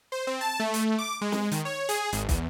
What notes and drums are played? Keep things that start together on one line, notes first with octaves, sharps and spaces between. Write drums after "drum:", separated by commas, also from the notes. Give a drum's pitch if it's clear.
C5
C4
A5
A3
drum: hi-hat
D6
G#3
drum: snare
D#3, drum: hi-hat
C#5
G#4, drum: hi-hat
G#1, drum: hi-hat
E2, drum: kick, hi-hat